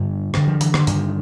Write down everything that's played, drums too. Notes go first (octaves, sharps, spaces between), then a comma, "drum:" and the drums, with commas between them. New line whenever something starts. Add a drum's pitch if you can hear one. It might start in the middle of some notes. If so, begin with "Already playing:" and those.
Already playing: G2 D3
G2 D3, drum: rim click
F3
E3, drum: hi-hat
D3, drum: rim click
G2 D3 D#3, drum: hi-hat